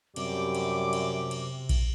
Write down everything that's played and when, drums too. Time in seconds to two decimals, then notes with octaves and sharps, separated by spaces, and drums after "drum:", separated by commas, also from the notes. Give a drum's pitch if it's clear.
0.16 F#2 C3 G3 D6, drum: cymbal
0.55 drum: cymbal
0.93 drum: cymbal
1.31 drum: cymbal
1.69 drum: kick A#1, cymbal